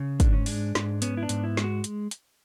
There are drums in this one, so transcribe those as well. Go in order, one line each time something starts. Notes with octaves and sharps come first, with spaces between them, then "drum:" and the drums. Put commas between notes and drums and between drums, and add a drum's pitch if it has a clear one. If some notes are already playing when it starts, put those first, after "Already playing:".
Already playing: C#3 C#4
G#2 D4, drum: kick, hi-hat
C#4
G#3 D4, drum: open hi-hat
G#2, drum: snare
B3 C#4, drum: hi-hat
E4
D4
G#2, drum: hi-hat
E4
G#3, drum: snare
F#4
drum: hi-hat
drum: hi-hat